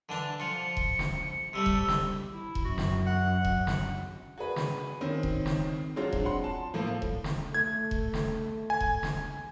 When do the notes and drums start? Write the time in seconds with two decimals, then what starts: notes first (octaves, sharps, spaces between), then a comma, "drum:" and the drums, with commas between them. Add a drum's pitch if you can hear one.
0.09 D3 E3 D4
0.40 F3 F4 C#7
0.77 drum: kick E1
0.99 drum: snare
1.53 C3 G3 A3 E6
1.66 drum: kick E1
1.88 drum: snare
2.34 E4
2.55 drum: kick E1
2.65 F#2 F#4
2.78 drum: snare
3.07 F#5
3.45 drum: kick E1
3.67 drum: snare
4.38 F#4 G#4 B4
4.56 drum: snare
5.01 D#3 C4 C#4
5.23 drum: kick E1
5.46 drum: snare
5.96 F#3 G#3 C4 D4 F4
6.13 drum: kick E1
6.25 F#5 C6
6.44 A5
6.74 A2 F3 A#3 A4
7.02 drum: kick E1
7.24 drum: snare
7.54 A3 G#6
7.91 drum: kick E1
8.13 drum: snare
8.70 G#5
8.80 drum: kick E1
9.03 drum: snare